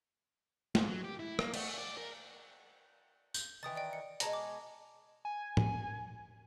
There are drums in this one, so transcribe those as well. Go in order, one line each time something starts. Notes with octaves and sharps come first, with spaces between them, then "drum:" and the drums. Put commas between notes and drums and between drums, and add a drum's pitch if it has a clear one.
G#2, drum: snare
F#3
G4
E4
A#3, drum: rim click
A3, drum: cymbal
D5
A#4
G6, drum: tambourine
D#3 E3 G5 D#6 A6
D5 D#5 G5
C#7
B2 G#3 A5 A#5 A#6, drum: hi-hat
D6
G#5
drum: tom